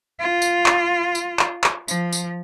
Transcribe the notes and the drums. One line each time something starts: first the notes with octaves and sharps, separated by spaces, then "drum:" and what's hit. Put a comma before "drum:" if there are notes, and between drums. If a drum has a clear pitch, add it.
F4
drum: tambourine
drum: clap
drum: tambourine
drum: clap
drum: clap
F3, drum: tambourine
drum: tambourine